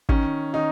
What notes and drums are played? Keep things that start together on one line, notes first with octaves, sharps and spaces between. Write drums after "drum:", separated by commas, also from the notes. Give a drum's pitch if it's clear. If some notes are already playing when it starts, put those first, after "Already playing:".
D#3 C#4, drum: kick
D#3 D#4